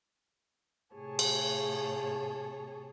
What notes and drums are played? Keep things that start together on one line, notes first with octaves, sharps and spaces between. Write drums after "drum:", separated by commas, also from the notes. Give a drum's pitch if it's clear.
A2 C3 G#4 C#5 A5
drum: cymbal